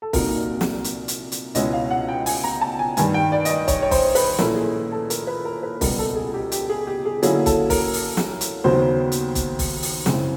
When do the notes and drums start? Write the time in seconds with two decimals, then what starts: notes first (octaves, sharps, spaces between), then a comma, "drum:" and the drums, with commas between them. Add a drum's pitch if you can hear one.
0.02 A4
0.13 C2 A#2 F#3 A#3 D#4 A#4, drum: kick, open hi-hat
0.61 drum: snare
0.84 drum: hi-hat
1.08 drum: hi-hat
1.32 drum: hi-hat
1.55 C#2 B2 G#3 C#4 E4 D#5, drum: hi-hat
1.73 F5
1.91 F#5
2.08 G5
2.26 G#5, drum: open hi-hat
2.44 A#5
2.61 A5
2.79 G#5
2.97 G2 D#3 G3 G#5, drum: hi-hat
3.14 G5
3.32 D5
3.45 D#5, drum: hi-hat
3.50 D5
3.68 C#5, drum: kick, hi-hat
3.82 C#5
3.91 C5, drum: kick, open hi-hat
4.15 B4, drum: open hi-hat
4.39 A#2 F3 A3 C#4 E4 A#4, drum: snare
4.56 G#4
4.92 A4
5.10 A#4, drum: hi-hat
5.27 B4
5.45 A#4
5.63 B4
5.81 C#2 B2 G3 A#4, drum: kick, open hi-hat
5.98 A4
6.16 G#4
6.34 G4
6.52 G4, drum: hi-hat
6.69 G#4
6.87 G4
7.05 G#4
7.23 D3 F#3 A#3 C#4 E4 G#4, drum: hi-hat
7.46 A4, drum: kick, hi-hat
7.70 A#4, drum: kick, open hi-hat
7.93 drum: open hi-hat
8.17 drum: snare
8.41 drum: hi-hat
8.64 D#2 C#3 F#3 B3 D#4 C5
9.12 drum: hi-hat
9.35 drum: kick, hi-hat
9.59 drum: kick, open hi-hat
9.82 drum: open hi-hat
10.06 F#2 C#3 E3 G#3 C4, drum: snare